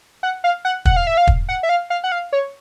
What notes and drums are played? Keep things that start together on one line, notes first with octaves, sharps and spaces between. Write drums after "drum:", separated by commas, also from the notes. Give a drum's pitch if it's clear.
F#5
F5
F#5
F#5, drum: kick
F5
E5
F5
drum: kick
F#5
E5
F5
F5
F#5
F5
C#5